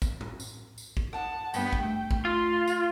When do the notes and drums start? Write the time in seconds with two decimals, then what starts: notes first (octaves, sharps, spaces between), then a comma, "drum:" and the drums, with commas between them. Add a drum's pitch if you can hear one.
0.02 drum: kick, tambourine
0.21 drum: tom A2
0.40 drum: tambourine
0.78 drum: tambourine
0.97 drum: kick
1.13 F#5 A5, drum: rim click
1.54 G2 B3 G5, drum: tambourine
1.73 drum: kick
1.83 A3
2.11 drum: kick
2.25 F4 C6
2.68 drum: tambourine